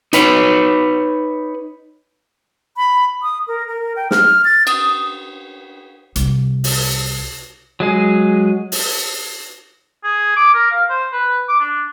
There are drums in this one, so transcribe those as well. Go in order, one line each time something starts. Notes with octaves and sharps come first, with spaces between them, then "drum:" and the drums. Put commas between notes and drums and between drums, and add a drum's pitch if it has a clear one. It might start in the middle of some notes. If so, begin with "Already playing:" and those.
D#4 B4 C#5, drum: hi-hat
B5
D#6
A#4
A#4
G5
F6, drum: snare
A6
D#6, drum: cymbal
C2, drum: hi-hat
drum: open hi-hat
F#3 G#3 G#4
drum: open hi-hat
G#4
D6
A#4
F5
C5
B4
D6
D4